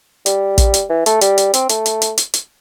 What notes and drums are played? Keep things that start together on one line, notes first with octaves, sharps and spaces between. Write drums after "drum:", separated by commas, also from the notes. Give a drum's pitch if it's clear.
G3, drum: hi-hat
drum: kick, hi-hat
drum: hi-hat
E3
A3, drum: hi-hat
G3, drum: hi-hat
drum: hi-hat
C4, drum: hi-hat
A3, drum: hi-hat
drum: hi-hat
drum: hi-hat
drum: hi-hat
drum: hi-hat